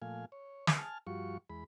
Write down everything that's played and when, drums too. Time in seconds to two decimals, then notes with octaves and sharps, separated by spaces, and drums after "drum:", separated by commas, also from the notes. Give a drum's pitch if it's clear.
0.02 A#2 F3 A3 F5 G#5
0.32 C#5
0.67 drum: snare
0.78 G#5 A5 F6
1.07 G2 F3 G3 F4 F#4 C#6
1.50 E2 G#3 B5